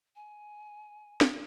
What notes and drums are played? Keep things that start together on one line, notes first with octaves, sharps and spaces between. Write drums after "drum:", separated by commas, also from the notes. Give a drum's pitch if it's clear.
G#5
drum: snare